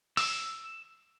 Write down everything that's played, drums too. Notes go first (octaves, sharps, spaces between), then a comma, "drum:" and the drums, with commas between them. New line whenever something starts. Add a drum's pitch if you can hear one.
E6, drum: open hi-hat